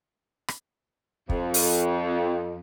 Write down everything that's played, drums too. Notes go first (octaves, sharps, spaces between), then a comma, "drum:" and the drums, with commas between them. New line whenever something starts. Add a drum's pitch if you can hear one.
drum: rim click
F2, drum: kick
drum: open hi-hat